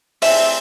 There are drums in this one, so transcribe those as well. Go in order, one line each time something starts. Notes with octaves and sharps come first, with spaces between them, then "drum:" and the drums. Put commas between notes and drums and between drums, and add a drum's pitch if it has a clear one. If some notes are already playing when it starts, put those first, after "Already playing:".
E3 A3 C4 E5, drum: open hi-hat